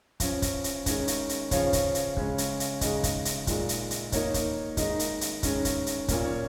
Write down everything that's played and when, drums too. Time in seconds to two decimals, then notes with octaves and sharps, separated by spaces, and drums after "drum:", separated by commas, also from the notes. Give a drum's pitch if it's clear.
0.20 F3 C#4, drum: kick, hi-hat
0.42 drum: kick, hi-hat
0.64 drum: hi-hat
0.86 D#3 G#3 C#4, drum: kick, hi-hat
1.07 drum: hi-hat
1.29 drum: hi-hat
1.51 C#3 F3 C#4 C#5 F5, drum: kick, hi-hat
1.73 drum: kick, hi-hat
1.95 drum: hi-hat
2.17 C#3 G#3 C#4, drum: kick
2.38 drum: hi-hat
2.60 drum: hi-hat
2.81 C#3 G#3 D#4 D#5, drum: kick, hi-hat
3.03 drum: kick, hi-hat
3.25 drum: hi-hat
3.47 A#2 G#3 D#4, drum: kick, hi-hat
3.69 drum: hi-hat
3.91 drum: hi-hat
4.12 D#3 A#3 D#4 C#5, drum: kick, hi-hat
4.34 drum: kick, hi-hat
4.77 D#3 G#3 D#4 D#5, drum: kick, hi-hat
4.99 drum: hi-hat
5.21 drum: hi-hat
5.43 D#3 G#3 C#4, drum: kick, hi-hat
5.65 drum: kick, hi-hat
5.86 drum: hi-hat
6.08 A#2 A#3 C#4, drum: kick, hi-hat
6.25 C#5